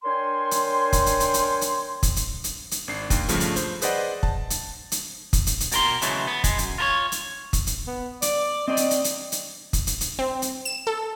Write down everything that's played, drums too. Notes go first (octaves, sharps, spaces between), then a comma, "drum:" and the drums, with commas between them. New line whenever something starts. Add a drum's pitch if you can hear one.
D4 A#4 C#5 G5 G#5 C6
drum: hi-hat
drum: kick, hi-hat
drum: hi-hat
drum: hi-hat
drum: hi-hat
drum: hi-hat
drum: kick, hi-hat
drum: hi-hat
drum: hi-hat
drum: hi-hat
G#1 D4 C7
D#2, drum: kick, hi-hat
G2 C#3 F3 A3, drum: hi-hat
drum: hi-hat
C5, drum: hi-hat
G#4 B4 C5 D5 D#5 F#5, drum: hi-hat
A5, drum: kick
drum: hi-hat
drum: hi-hat
drum: kick, hi-hat
drum: hi-hat
drum: hi-hat
B2 A#4 C6, drum: hi-hat
C#3 E3 F#3 G#3 A3, drum: hi-hat
B3
G#3, drum: kick, hi-hat
F#2, drum: hi-hat
F4 A#4 C#5
drum: hi-hat
drum: kick, hi-hat
drum: hi-hat
B3
D5, drum: hi-hat
C4 D5 D#5
drum: hi-hat
drum: hi-hat
drum: hi-hat
drum: hi-hat
drum: kick, hi-hat
drum: hi-hat
drum: hi-hat
C4
drum: hi-hat
E7
A4